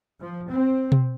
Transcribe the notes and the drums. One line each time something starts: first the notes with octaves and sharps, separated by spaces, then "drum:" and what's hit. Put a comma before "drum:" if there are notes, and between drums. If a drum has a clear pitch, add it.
F3
C4
drum: tom B2